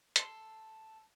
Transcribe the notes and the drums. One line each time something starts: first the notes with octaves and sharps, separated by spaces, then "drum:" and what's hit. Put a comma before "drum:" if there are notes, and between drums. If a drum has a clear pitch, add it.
A4 C6, drum: hi-hat